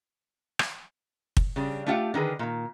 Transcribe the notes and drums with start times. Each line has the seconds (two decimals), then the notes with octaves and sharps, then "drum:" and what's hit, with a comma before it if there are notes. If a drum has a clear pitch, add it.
0.59 drum: rim click
1.37 drum: kick
1.56 C#3 G3 D4
1.87 A3 D4 F4 G4 E5 F#5
2.14 D3 D#3 G#4 B4
2.39 A#2 D#3